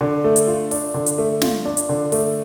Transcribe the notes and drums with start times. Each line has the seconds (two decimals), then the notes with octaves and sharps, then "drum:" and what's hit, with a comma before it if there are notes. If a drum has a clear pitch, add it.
0.01 D3
0.24 A3
0.36 drum: hi-hat
0.47 F4
0.71 D4, drum: open hi-hat
0.94 D3
1.06 drum: hi-hat
1.18 A3
1.42 F4, drum: snare
1.65 D4
1.77 drum: hi-hat
1.89 D3
2.12 A3, drum: open hi-hat